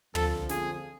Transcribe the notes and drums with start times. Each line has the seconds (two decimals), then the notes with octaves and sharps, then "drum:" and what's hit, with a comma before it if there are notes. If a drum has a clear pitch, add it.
0.15 F2 D3 F3 A4, drum: tom
0.49 G#4, drum: snare